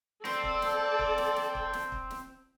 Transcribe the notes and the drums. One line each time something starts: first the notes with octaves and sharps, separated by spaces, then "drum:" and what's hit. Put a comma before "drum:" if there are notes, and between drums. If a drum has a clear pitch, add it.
C4 A4 D5, drum: snare
drum: kick
drum: snare
drum: kick
drum: snare
drum: snare
drum: kick
drum: snare
drum: kick
drum: snare